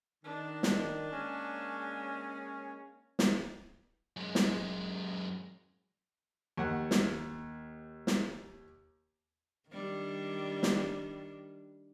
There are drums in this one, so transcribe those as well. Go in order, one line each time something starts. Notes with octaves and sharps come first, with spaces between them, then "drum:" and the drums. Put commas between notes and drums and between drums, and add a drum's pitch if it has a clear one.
D#3 D4
drum: snare
G#3 A#3 C#4
drum: snare
F#2 G#3
drum: snare
D#2 F#5
drum: snare
drum: snare
D#3 G3 D4
drum: snare